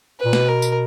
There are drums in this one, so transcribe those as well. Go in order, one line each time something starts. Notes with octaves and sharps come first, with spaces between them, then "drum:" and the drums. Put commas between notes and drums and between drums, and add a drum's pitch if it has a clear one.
B4
A#2
B2, drum: snare
A#4
drum: tambourine